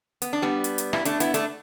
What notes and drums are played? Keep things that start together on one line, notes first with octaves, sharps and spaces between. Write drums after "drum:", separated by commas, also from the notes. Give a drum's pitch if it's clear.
B3, drum: hi-hat
D4
G3 B3
drum: hi-hat
drum: hi-hat
E4, drum: rim click
A3 D4, drum: hi-hat
B3 E4, drum: hi-hat
A3 D4, drum: hi-hat